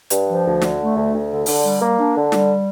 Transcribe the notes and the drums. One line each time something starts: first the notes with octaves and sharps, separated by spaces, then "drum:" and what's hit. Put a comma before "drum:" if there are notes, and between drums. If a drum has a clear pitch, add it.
G2, drum: hi-hat
F3
D2
D3, drum: snare
A3
D2
D2
D3
D3, drum: open hi-hat
G3
A#3
D4
D3
G3, drum: snare